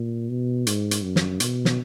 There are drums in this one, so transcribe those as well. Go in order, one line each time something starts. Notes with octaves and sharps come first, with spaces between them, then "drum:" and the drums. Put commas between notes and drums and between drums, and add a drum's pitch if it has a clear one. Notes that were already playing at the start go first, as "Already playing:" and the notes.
Already playing: A#2
B2
G#2, drum: hi-hat
drum: hi-hat
F#2
drum: snare
B2, drum: hi-hat
drum: snare